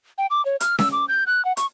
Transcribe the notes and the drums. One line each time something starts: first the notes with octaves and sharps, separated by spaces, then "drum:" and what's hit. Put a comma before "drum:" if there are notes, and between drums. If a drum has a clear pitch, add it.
G5
D6
C#5
F6, drum: hi-hat
E6, drum: snare C#4
D6
G6
F#6
F#5
C#6, drum: hi-hat